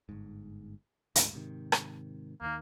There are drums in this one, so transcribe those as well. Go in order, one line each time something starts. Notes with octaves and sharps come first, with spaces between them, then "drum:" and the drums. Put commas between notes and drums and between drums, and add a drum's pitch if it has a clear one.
G1 G#2
D2 G#2 G#3, drum: hi-hat
G#2 C3 D#3
drum: rim click
D#2 D#3 A#3